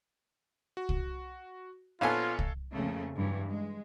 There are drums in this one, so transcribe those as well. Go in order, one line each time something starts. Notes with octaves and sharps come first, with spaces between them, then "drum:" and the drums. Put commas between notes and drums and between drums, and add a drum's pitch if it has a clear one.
F#4
drum: kick C2
A#1 B3 F4 A4 C#5 F5 G#5
drum: kick C2
F2 C#3 A3 A#3
G2 E3 F#3
G#3